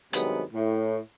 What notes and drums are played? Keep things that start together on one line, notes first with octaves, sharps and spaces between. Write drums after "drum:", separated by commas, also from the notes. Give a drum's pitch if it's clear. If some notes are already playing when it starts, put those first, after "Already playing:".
G2 C3 D#3 F#3 G#3 B3, drum: hi-hat
A2